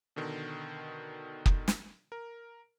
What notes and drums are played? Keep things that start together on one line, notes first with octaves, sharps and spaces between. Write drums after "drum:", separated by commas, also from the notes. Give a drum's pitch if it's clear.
B2 D3 D#3
drum: kick
drum: snare
A#4